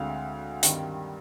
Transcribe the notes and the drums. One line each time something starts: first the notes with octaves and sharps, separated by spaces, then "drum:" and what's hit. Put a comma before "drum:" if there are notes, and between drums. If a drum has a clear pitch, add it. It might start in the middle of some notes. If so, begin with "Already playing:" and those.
Already playing: D2 D3 G#3 C4 F5
G2 D#3 G3 C4, drum: hi-hat